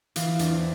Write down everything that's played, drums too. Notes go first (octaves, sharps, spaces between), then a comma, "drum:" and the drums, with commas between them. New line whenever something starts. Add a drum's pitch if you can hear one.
E3 F4, drum: hi-hat
E4
E2 D4, drum: hi-hat
C4 E4